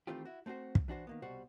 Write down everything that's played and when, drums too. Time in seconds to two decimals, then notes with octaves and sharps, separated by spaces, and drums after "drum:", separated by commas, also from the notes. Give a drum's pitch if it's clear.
0.07 D#3 E3 A3 C4 F4 G4
0.25 E4 F#4
0.46 A3 C4 F4 F#4 C5
0.75 drum: kick
0.88 E3 D4 F#4 C5
1.07 D#3 A#3 B3
1.22 C2 B2 G3 F#4 C5